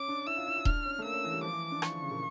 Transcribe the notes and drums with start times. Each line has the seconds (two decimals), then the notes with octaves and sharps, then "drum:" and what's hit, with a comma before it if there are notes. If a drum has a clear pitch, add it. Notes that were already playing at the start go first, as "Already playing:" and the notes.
Already playing: C#4 D6
0.08 D4
0.27 E4 E6
0.37 F4
0.47 E4
0.56 F4
0.65 D4 F6, drum: kick D#1
0.86 C#4
0.99 A3
1.04 A#3 E6
1.14 C#4
1.24 E3
1.33 G3
1.43 F3 D6
1.53 E3
1.72 D4
1.82 F3 C#6, drum: rim click
1.92 D3
2.02 C#3
2.11 A#2